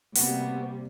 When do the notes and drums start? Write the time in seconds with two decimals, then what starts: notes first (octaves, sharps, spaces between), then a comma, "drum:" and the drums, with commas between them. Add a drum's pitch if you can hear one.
0.16 C3 G3 A#3 B3 F#4, drum: open hi-hat